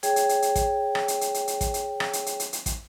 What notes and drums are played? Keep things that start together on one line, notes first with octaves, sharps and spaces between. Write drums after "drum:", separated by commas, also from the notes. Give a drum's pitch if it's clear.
G#4 C#5 G5, drum: hi-hat
drum: hi-hat
drum: hi-hat
drum: hi-hat
drum: kick, hi-hat
drum: rim click
drum: hi-hat
drum: hi-hat
drum: hi-hat
drum: hi-hat
drum: kick, hi-hat
drum: hi-hat
drum: rim click
drum: hi-hat
drum: hi-hat
drum: hi-hat
drum: hi-hat
drum: kick, hi-hat